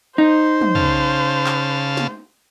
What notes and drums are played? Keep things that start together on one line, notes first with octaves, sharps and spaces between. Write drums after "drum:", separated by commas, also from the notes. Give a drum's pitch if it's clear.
D#4 C5
drum: tom
C#3 F5 A5, drum: tom
drum: clap
drum: snare